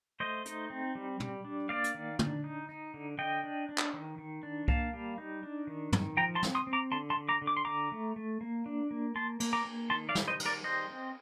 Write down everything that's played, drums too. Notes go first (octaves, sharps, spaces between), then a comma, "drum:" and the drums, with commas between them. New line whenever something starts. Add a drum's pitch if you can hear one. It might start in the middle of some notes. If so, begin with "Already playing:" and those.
A3 C5 D#5
D#4, drum: hi-hat
C4
G3
G3, drum: tom
D4
A#3 D5 F5
drum: hi-hat
D#3
D4, drum: tom
D#4
D#4
D3
D3 D#5 G5
D4
D4
drum: clap
D#3
D#3
D4
A#3 F5 A5, drum: kick C2
G3
D#4
D4
D#3
D#3, drum: tom
F3 G5 A#5
A5 C6
C4, drum: snare
C6 D#6
C4
A#5 D6
D3 A5 C6
A5 C6
D3
A#5 D6
D3
D6
C6
D3 A#5 D6
A3
A3
A#3
D4
A#3
A#3 A5 C6
A#3, drum: cymbal
A#5 D6
A#3
D#3 A5 C6
D5 F5
G3, drum: snare
C5 D#5
D#3, drum: cymbal
A#4 D5
G3 C5 D#5
C4